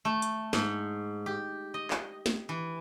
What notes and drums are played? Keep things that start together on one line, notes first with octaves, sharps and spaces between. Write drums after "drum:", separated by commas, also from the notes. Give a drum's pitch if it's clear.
A3
drum: hi-hat
G#2, drum: snare
G4
D#5
drum: clap
drum: snare
E3